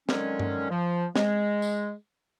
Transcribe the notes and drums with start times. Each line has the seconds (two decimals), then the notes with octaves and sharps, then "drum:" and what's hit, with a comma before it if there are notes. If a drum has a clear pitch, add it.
0.09 D3 D#3 F#3 G#3 C#4, drum: snare
0.40 drum: tom G2
0.70 F3
1.16 G#3, drum: snare
1.62 drum: tambourine